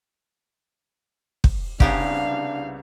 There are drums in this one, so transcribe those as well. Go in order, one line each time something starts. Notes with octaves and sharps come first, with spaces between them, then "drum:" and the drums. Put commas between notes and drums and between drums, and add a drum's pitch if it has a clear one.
drum: kick
C2 C#3 B3 D4 G4 F5, drum: kick